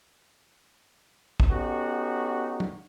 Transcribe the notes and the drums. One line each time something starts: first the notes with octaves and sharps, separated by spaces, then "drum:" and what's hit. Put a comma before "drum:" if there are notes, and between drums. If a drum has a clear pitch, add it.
drum: kick
B3 C#4 D#4 F#4 G4 A4
drum: tom